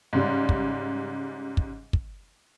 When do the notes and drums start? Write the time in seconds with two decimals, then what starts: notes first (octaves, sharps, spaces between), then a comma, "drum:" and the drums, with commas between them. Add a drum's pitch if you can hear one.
0.13 G#2 C#3 G3
0.49 drum: kick
1.57 drum: kick
1.93 drum: kick